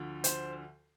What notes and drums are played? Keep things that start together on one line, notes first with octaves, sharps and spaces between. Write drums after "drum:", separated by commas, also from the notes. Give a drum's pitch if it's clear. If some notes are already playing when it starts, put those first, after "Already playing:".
Already playing: D2 D3 F3
C5, drum: hi-hat